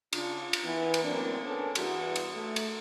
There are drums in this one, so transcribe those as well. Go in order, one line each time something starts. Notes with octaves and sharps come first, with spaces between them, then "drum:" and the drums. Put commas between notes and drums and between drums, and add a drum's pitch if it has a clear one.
C#3 D4 F4, drum: cymbal
drum: cymbal
E3 B3
drum: cymbal
F#2 A2 A#3 C4 D4
B3 C#4 D4 A4 A#4
E2 G2 F#4, drum: cymbal
drum: cymbal
A3
drum: cymbal